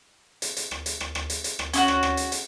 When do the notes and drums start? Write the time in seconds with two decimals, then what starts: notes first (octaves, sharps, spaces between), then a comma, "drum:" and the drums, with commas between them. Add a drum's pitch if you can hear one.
0.42 drum: hi-hat
0.57 drum: hi-hat
0.71 drum: rim click
0.86 drum: hi-hat
1.00 drum: rim click
1.15 drum: rim click
1.30 drum: hi-hat
1.44 drum: hi-hat
1.59 drum: rim click
1.73 C#4 E4 F#4, drum: hi-hat
1.88 drum: rim click
2.03 drum: rim click
2.17 drum: hi-hat
2.32 drum: hi-hat